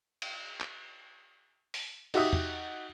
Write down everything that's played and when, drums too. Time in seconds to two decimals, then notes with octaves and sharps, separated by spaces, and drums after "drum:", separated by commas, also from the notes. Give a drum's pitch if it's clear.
0.22 drum: cymbal
0.61 drum: clap
1.74 drum: open hi-hat
2.14 D#4 F#4 G4 E5 D#6, drum: cymbal
2.33 drum: tom E2